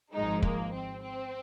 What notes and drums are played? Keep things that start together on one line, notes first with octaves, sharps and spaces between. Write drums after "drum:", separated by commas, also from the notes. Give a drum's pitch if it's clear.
G#1 G#2 F3 G#3 D#4
A#3, drum: kick
C4
C4